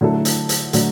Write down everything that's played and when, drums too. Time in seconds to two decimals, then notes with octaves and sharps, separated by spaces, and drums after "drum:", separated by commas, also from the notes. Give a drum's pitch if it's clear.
0.01 D3 F#3 A3 E4 A4
0.25 drum: hi-hat
0.49 drum: hi-hat
0.73 D3 F#3 A3, drum: hi-hat